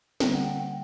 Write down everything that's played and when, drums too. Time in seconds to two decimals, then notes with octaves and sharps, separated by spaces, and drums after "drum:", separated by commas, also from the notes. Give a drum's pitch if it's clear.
0.20 D3 G3 A#3 G5, drum: snare
0.34 F#5
0.46 F#5
0.59 G5